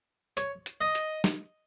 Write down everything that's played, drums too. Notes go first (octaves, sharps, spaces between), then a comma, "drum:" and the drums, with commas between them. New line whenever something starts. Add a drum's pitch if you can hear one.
C#5, drum: hi-hat
drum: hi-hat
D#5
drum: hi-hat
drum: snare